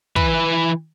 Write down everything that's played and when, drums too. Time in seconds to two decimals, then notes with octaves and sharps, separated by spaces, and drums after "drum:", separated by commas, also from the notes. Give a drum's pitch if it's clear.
0.16 E3 B4, drum: kick